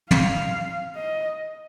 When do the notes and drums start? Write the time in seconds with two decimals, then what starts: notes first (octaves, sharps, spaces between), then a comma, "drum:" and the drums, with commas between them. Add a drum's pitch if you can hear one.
0.11 F5, drum: tom
0.96 D#5